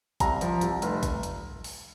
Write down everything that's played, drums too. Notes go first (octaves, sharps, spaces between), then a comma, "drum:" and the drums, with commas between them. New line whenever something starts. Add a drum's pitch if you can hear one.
C2 A#5, drum: kick A1, hi-hat
F3, drum: hi-hat
C2, drum: hi-hat
F1, drum: hi-hat
drum: kick A1, hi-hat
drum: hi-hat
drum: open hi-hat